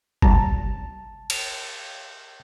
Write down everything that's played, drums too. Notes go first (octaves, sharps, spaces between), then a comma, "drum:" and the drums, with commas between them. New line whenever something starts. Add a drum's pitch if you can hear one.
C2 G3 A5 A#5, drum: kick G1
drum: cymbal